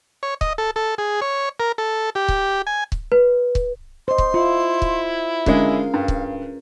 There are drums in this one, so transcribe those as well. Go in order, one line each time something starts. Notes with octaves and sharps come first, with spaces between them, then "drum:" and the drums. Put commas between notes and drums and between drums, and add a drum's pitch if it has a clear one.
C#5
D#5, drum: kick C#1
A4
A4
G#4
C#5
A#4
A4
G4
drum: kick C#1
G#5
drum: kick C#1
B4
drum: kick C#1
C5 D#5 C6
drum: kick C#1
E4 F4
drum: kick C#1
D3 G#3 C#4 G#4 A#4 F5, drum: kick C#1
G2
drum: kick C#1